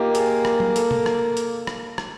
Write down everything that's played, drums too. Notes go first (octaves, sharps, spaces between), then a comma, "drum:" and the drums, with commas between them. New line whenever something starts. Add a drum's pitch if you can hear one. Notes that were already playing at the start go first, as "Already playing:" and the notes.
Already playing: A#3 D#4 F4 G4
G#4, drum: hi-hat
drum: rim click
drum: tom
A4, drum: hi-hat
drum: tom C3
drum: rim click
drum: hi-hat
drum: rim click
drum: rim click